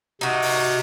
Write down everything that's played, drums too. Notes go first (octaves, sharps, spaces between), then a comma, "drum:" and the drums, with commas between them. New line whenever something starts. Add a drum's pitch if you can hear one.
C3 D#4 F#4
drum: open hi-hat